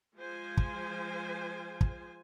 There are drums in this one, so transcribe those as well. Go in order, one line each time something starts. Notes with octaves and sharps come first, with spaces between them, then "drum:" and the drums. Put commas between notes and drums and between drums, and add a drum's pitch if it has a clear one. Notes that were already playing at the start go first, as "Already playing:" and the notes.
F3 G#3 F4 C5 G#5
drum: kick
drum: kick